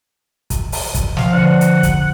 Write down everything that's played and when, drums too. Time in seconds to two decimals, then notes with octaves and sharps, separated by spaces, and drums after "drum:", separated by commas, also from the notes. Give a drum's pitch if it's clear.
0.50 drum: kick, hi-hat
0.72 drum: open hi-hat
0.95 drum: kick, hi-hat
1.17 F3 F5, drum: snare
1.33 D3 C5 F#5 C#7
1.61 drum: hi-hat
1.83 drum: kick, hi-hat